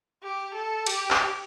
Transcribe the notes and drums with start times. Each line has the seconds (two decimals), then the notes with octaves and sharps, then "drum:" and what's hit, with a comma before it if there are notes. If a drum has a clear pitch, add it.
0.23 G4
0.55 A4
0.86 G4, drum: cymbal
1.10 drum: clap